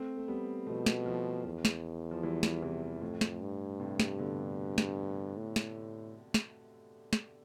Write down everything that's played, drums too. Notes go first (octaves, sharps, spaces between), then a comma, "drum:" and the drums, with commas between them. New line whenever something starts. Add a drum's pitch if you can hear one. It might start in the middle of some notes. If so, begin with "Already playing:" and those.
Already playing: A3 C4
A3
G3 B3
B2 F3 A3
drum: snare
F3 A3
E2
drum: snare
F3
E3 G3
drum: snare
C3 E3
F2 A2
drum: snare
G2
A2 C3
drum: snare
B2 D3
drum: snare
A2
drum: snare
drum: snare
drum: snare